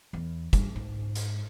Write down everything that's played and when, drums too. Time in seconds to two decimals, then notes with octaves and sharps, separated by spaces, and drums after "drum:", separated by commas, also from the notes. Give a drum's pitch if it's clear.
0.13 E2
0.53 G2, drum: kick, hi-hat
0.76 G#2
1.15 drum: hi-hat